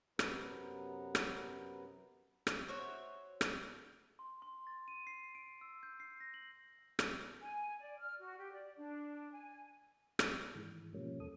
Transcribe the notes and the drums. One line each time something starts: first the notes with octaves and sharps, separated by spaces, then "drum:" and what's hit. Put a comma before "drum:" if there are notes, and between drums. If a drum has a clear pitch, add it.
F#2 C3 F#3 B3 B4 A#5, drum: rim click
drum: rim click
drum: rim click
F#4 C5 C#5 E5
drum: rim click
C6
C6
A6
D#7
C7
D7
E6
G6
C7
A#6
F#7
drum: rim click
G#5
D5
F6
F#4
G4
D5
D4
G#5
drum: rim click
G#2 D#3 E3 G#3
B2 F3 G3 A#3 C#4
E2 A4 D#6